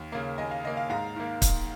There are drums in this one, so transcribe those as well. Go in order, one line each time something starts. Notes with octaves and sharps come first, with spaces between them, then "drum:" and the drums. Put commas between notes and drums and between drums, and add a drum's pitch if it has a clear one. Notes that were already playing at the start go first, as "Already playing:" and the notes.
Already playing: D#2
C#3 A#3
D#2 D#5 G#5
F5
C#3 A#3 D#5
F5
G#2 F5 A#5
D#3 A#3
drum: kick, hi-hat